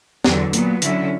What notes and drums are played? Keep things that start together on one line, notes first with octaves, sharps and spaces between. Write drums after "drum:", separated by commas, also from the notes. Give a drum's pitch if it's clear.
E2 D3 F#3, drum: snare
A#2 F#3 B3, drum: hi-hat
D3 F#3 C#4 E4, drum: hi-hat